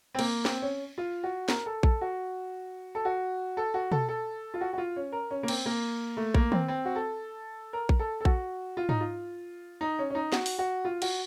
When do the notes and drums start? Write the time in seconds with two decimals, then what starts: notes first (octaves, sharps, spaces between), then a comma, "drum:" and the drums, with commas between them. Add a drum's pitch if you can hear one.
0.15 C4
0.19 A#3, drum: cymbal
0.45 C4, drum: snare
0.62 C#4
0.98 F4
1.23 F#4
1.49 A#4, drum: snare
1.66 A4
1.83 A4, drum: kick A#1
2.01 F#4
2.95 A4
3.05 F#4
3.57 A4
3.74 F#4
3.92 A4, drum: tom B2
4.09 A4
4.54 F4
4.61 F#4
4.73 F#4
4.78 F4
4.96 C#4
5.12 A#4
5.31 C#4
5.43 A#3
5.48 C4, drum: cymbal
5.66 A#3
6.17 A3
6.34 A#3, drum: kick A#1
6.52 C4, drum: tom D#3
6.68 C4
6.85 F#4
6.96 A4
7.73 A#4
7.89 drum: kick A#1
7.99 A4
8.21 A4
8.25 F#4, drum: kick A#1
8.77 F4
8.89 D#4, drum: tom G#2
9.00 F4
9.81 D#4
9.99 C#4
10.10 C#4
10.15 D#4
10.32 F#4, drum: snare
10.46 drum: open hi-hat
10.59 F#4
10.85 F4
11.02 F#4, drum: cymbal